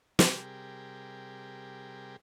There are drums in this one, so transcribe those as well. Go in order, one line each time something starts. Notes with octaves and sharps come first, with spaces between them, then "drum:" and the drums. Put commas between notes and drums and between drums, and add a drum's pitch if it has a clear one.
C3 G3 G4 G#4 A#4, drum: snare